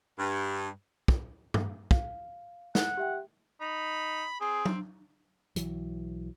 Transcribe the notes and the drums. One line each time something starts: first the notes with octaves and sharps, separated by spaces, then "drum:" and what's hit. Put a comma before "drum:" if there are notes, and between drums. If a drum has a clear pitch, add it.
G2
drum: kick
drum: tom G2
F5, drum: kick
F#5, drum: snare
G4 E5 G5
D#4 B5
C4 G#4
drum: tom
B1 E3 F#3, drum: hi-hat